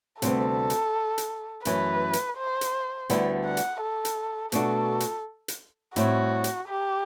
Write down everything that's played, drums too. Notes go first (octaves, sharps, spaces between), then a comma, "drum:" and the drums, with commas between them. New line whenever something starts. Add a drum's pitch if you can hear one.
D2 C3 G3 B3 A4, drum: hi-hat
drum: hi-hat
drum: hi-hat
F#2 E3 A3 B4, drum: hi-hat
drum: hi-hat
C5
drum: hi-hat
D2 D3 G3 B3 E4, drum: hi-hat
F#5
drum: hi-hat
A4
drum: hi-hat
B2 A3 D4 F#4 A4, drum: hi-hat
drum: hi-hat
drum: hi-hat
A2 G3 C4 E4 F#4, drum: hi-hat
drum: hi-hat
G4